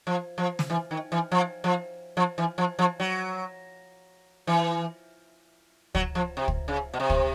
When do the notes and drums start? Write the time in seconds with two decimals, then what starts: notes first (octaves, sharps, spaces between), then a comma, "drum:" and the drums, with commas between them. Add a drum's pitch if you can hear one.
0.07 F3
0.38 F3
0.59 drum: snare
0.70 E3
0.91 D#3
1.12 E3
1.32 F3
1.64 F3
2.17 F3
2.38 E3
2.58 F3
2.79 F3
3.00 F#3
4.47 E3
5.95 F#3, drum: kick
6.15 F3
6.37 C3
6.48 drum: kick
6.68 C#3
6.94 B2
7.00 C3
7.10 drum: kick